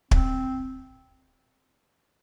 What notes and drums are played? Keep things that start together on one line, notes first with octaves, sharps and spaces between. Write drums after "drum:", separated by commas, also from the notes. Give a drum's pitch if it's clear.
C4, drum: kick